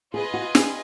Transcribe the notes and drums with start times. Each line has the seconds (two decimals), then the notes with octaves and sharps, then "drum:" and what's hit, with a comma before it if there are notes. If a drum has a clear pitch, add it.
0.13 F4 G#4 B4 D#5 G#5
0.34 F#4
0.55 G#4, drum: snare